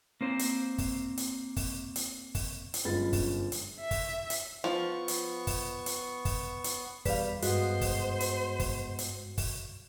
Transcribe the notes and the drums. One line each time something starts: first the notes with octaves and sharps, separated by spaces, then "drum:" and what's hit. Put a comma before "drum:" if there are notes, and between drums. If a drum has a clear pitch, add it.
A#3 C4 C5
drum: hi-hat
drum: kick, open hi-hat
drum: hi-hat
drum: kick, open hi-hat
drum: hi-hat
drum: kick, open hi-hat
drum: hi-hat
G1 F#2 G#3 F4 B5 A6
drum: kick, open hi-hat
drum: hi-hat
E5
drum: kick, open hi-hat
drum: hi-hat
F3 B3 C#6
drum: hi-hat
drum: kick, open hi-hat
drum: hi-hat
drum: kick, open hi-hat
drum: hi-hat
E2 G3 B4 F5, drum: kick, open hi-hat
G2 G#3 B3 F#4 C5, drum: hi-hat
drum: kick, open hi-hat
drum: hi-hat
drum: kick, open hi-hat
drum: hi-hat
drum: kick, open hi-hat